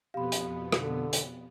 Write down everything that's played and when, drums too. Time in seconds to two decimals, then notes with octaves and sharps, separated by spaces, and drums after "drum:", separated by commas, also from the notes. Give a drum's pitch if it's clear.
0.14 F2 B2 B3 G4 F5 B5 C6
0.32 drum: hi-hat
0.72 D3, drum: rim click
1.13 drum: hi-hat